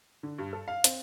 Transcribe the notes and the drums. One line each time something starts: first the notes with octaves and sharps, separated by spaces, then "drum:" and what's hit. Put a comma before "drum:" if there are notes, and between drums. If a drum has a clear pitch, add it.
D3
G2
A4
F5
C4, drum: hi-hat